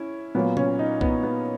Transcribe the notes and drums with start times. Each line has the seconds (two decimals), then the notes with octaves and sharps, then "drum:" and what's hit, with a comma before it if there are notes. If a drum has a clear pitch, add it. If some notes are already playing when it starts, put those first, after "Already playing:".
Already playing: C#4 E4
0.35 A#2 F#3 A#3 B3
0.57 C#4, drum: tom
0.79 D#4
1.01 B3, drum: kick
1.23 B3